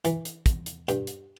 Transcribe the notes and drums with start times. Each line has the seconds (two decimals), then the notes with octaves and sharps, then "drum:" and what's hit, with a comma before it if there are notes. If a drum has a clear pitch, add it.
0.05 E3, drum: hi-hat
0.25 drum: hi-hat
0.46 drum: kick, hi-hat
0.66 drum: hi-hat
0.89 G2, drum: hi-hat
1.07 drum: hi-hat